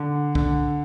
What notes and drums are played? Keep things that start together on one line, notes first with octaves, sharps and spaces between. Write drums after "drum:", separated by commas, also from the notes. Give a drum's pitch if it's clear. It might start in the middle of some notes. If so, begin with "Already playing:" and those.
Already playing: D3
D3, drum: kick